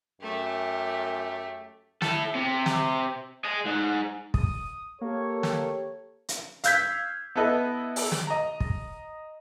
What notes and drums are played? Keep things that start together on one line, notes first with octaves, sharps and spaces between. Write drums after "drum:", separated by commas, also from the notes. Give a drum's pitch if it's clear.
F#2 A3 G4
E4 A4, drum: snare
C3
drum: snare
D#5 G#5
G#2
D#6, drum: kick
A#3 G4 A4 C#5
drum: snare
drum: hi-hat
F5 E6 G6 G#6 B6, drum: hi-hat
B3 E4 A4 B4 D#5
drum: open hi-hat
drum: snare
D#5 A#5
drum: kick